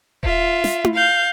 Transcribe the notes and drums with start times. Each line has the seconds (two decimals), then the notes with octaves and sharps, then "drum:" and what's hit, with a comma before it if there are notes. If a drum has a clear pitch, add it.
0.23 F4 E5, drum: kick D#1
0.64 drum: snare
0.84 drum: tom E4
0.94 F5 G6